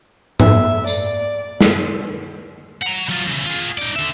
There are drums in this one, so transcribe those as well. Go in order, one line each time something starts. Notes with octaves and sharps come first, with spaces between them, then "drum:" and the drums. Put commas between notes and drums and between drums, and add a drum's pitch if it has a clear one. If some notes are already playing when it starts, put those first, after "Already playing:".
E5, drum: tom G#2
D5, drum: tambourine
drum: snare
F#5 A#5
F#3 F4
C#3 E3
F4 G#4
D#4 D5
D3 E5